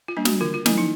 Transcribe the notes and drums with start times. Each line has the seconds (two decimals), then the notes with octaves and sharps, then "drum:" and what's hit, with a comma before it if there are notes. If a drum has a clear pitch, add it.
0.08 F4
0.17 G3 A#3 D4
0.25 F#4, drum: snare
0.41 D3 F4
0.54 F4
0.66 F3 A#3 C#4 E4, drum: snare
0.78 D#4